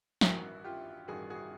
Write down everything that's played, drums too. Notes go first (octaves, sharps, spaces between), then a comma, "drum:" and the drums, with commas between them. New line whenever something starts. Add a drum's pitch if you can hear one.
A1 G2 D#3 E4 F#4, drum: snare
F4 G4
A1 G2 D#3 F#4 G#4
F#4 G#4